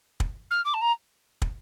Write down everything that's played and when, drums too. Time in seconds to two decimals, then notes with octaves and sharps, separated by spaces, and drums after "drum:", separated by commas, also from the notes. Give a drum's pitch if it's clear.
0.20 drum: kick
0.51 F6
0.65 D6
0.74 A5
0.81 A#5
1.42 drum: kick